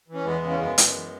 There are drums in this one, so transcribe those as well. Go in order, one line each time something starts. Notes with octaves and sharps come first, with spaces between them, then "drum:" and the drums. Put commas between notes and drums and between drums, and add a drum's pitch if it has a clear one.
E3
C#4
E2 G#3 B3
C#3
C#4
F#2 G#3 B3
F#2, drum: hi-hat
E3